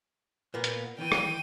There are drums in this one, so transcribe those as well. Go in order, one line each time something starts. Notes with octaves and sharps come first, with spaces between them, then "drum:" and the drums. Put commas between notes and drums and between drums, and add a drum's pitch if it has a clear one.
A#2 A#3 B3
drum: hi-hat
D#3 E3 G5 D#7
drum: rim click